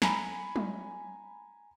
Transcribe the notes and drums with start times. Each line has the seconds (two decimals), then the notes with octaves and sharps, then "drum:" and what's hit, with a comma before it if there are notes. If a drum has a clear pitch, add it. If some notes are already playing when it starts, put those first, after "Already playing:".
0.02 G#5 A#5 B5 C#7, drum: snare
0.56 drum: tom F#3